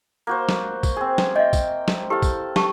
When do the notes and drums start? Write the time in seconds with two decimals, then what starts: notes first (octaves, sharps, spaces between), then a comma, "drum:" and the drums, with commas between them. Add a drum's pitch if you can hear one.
0.27 A#3 F#4 C5
0.49 drum: snare
0.83 drum: kick, tambourine
0.96 C4 G#4
1.18 drum: snare
1.36 D#5 E5 G5
1.53 drum: kick, tambourine
1.88 drum: snare
2.10 E4 G4 A4 F5
2.22 drum: kick, tambourine
2.56 G4 A5 C#6, drum: snare